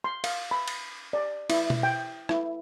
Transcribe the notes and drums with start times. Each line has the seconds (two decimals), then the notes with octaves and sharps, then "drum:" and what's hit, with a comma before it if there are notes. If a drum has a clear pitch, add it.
0.04 C6
0.24 F5, drum: cymbal
0.51 B5
0.68 drum: cymbal
1.13 D5
1.50 E4, drum: cymbal
1.70 drum: tom B2
1.83 G5
2.29 E4, drum: rim click